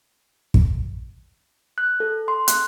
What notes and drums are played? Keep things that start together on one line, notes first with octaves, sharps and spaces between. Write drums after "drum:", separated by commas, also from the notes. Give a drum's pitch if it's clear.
drum: kick
F#6
A4
C6
F#6, drum: hi-hat